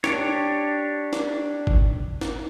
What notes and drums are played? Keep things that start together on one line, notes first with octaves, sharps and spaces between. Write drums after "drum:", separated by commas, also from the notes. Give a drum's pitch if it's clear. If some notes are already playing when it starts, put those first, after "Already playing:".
D4 G4 C#5, drum: snare
drum: snare
drum: kick G#1
drum: snare